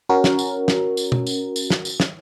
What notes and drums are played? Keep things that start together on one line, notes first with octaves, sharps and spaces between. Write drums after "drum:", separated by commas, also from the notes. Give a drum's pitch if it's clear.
C#4 F#4 A#4
drum: snare
drum: tambourine
drum: snare
drum: tambourine
drum: tom
drum: tambourine
drum: tambourine
drum: snare
drum: tambourine
drum: snare